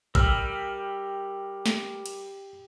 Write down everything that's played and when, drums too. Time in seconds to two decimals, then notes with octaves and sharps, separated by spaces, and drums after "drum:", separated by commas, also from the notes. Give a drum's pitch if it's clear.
0.15 G3 A#4 E6 F6, drum: kick A1
1.66 drum: snare
2.06 drum: cymbal